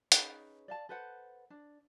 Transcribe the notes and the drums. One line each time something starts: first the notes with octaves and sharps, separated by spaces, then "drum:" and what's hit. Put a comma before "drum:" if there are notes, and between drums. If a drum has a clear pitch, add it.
C#4 D#4 G#4 B4, drum: hi-hat
D5 F5 A5
A4 B4 C5 F#5
D4